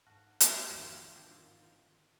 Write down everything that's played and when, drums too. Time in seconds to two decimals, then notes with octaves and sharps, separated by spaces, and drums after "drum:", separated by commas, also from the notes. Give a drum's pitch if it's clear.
0.06 G#2 F#4 A4 F5
0.40 drum: hi-hat
0.70 G#1 F2 D#3 G3 F4 F#4 F5
1.15 D3 A#3 C4